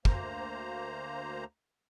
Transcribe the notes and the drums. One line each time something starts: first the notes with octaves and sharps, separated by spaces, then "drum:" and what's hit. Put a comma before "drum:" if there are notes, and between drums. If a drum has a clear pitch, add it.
D2 A#3 C5 A#5, drum: kick